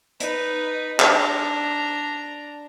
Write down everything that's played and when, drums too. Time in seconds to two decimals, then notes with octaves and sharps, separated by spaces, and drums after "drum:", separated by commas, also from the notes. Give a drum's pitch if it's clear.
0.20 D#4 B4, drum: hi-hat
1.00 D4 A#5, drum: clap